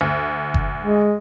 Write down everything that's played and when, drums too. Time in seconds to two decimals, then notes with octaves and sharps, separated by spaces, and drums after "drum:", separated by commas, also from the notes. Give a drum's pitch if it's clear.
0.01 D2
0.54 drum: kick F#1
0.83 G#3